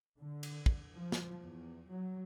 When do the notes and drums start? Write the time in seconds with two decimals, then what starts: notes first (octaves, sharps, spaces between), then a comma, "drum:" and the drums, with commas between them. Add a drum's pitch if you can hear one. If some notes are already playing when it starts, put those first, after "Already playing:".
0.20 D3
0.43 drum: cymbal
0.66 drum: kick
0.92 F3
1.12 drum: snare
1.43 E2
1.90 F#3